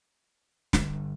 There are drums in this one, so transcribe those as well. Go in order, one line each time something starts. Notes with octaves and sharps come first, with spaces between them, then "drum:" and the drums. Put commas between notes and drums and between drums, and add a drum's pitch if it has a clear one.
G1, drum: snare